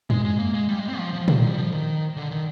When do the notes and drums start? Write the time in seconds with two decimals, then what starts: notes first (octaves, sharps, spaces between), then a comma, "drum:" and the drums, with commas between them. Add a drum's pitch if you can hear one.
0.10 G#3, drum: tom
0.25 G#3
0.39 A#3
0.54 G#3
0.69 G3
0.79 G#3
0.88 C4
0.98 F3
1.13 F3
1.28 D3, drum: tom
1.38 D#3
1.47 G3
1.57 F3
1.72 D#3
2.17 D3
2.31 D#3